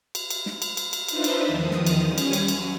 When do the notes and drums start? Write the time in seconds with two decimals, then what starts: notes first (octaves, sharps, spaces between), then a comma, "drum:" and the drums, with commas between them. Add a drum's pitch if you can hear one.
0.15 drum: cymbal
0.30 drum: cymbal
0.46 drum: snare
0.62 drum: cymbal
0.77 drum: cymbal
0.93 drum: cymbal
1.08 D4 D#4 F4 B4 C5 E5, drum: cymbal
1.24 drum: cymbal
1.47 E2 D#3 F3 D#6
1.71 drum: snare
1.86 drum: cymbal
2.05 G3 C#4 G#5
2.18 drum: cymbal
2.33 drum: cymbal
2.48 F#3, drum: cymbal